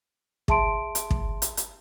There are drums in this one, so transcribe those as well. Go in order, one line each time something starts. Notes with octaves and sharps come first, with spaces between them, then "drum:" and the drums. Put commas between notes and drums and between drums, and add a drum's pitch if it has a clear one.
G#4 E5 A5 C6 D7, drum: kick
drum: hi-hat
drum: kick
drum: hi-hat
drum: hi-hat